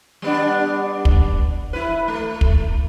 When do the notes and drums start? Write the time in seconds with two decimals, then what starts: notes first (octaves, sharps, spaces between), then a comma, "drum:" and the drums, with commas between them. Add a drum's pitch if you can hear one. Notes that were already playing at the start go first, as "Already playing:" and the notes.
0.22 G3 B3 D4
1.05 drum: kick
1.73 E4 B4
2.08 A3
2.41 drum: kick